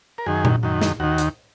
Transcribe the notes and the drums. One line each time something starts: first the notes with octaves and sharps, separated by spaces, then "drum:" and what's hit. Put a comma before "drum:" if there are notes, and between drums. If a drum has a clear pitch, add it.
A#4
F#2 D#3 G#4
drum: tom A#2
F#2 D#3
drum: snare
D#2 D#3 F#4
drum: hi-hat